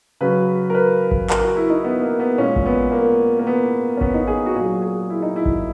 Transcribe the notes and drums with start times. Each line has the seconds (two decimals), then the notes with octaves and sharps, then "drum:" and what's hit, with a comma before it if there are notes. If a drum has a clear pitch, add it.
0.21 C#3 F#3 B4
0.70 A#4
0.75 B4
1.11 drum: kick G#1
1.30 A#4, drum: clap
1.44 F#4
1.56 E4
1.70 D#4
1.84 B3
2.01 A#3
2.20 B3
2.38 A#2 G#3 C#4
2.56 drum: kick G#1
2.66 B3
2.92 A#3
3.39 A#3
3.47 B3
3.97 C#4
4.01 B3, drum: kick G#1
4.14 D#4
4.27 G#4
4.46 F#4
4.55 A#2 F#3 G#4
4.82 G#4
5.10 E4
5.22 D#4
5.36 E4
5.46 drum: kick G#1